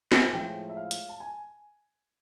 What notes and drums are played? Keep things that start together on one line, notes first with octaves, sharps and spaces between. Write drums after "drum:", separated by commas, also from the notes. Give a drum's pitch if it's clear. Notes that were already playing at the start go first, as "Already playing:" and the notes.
G#5, drum: snare
A2 F3 G#3 G5
E5
F5
drum: hi-hat
A5
G#5